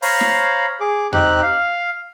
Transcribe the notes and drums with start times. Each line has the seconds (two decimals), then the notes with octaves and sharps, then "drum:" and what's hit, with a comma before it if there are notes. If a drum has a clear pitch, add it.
0.02 C5 C#5 F5 A#5 B5, drum: open hi-hat
0.21 drum: snare
0.80 G#4 D6
1.13 C4 D#4 G4 F#6, drum: tom E2
1.43 F5